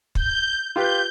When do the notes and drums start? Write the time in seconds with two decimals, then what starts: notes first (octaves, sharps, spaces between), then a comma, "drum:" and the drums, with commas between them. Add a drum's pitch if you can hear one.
0.15 G6, drum: kick
0.76 F4 G4 B4 G6